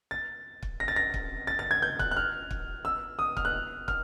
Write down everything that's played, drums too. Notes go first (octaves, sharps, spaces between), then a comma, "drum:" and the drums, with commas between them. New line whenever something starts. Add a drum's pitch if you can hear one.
A6
drum: kick
A#6
A6
A#6
drum: kick
A6
A6
G#6
G6
F#6, drum: kick
F#6
F6
drum: kick
E6
D#6
F6, drum: kick
F#6
F6, drum: kick